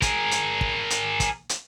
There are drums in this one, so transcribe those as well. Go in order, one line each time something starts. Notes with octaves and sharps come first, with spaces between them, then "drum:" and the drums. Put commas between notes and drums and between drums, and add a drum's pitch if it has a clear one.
G#4 A#4, drum: kick, hi-hat
drum: hi-hat
drum: kick
drum: hi-hat
drum: kick, hi-hat
drum: hi-hat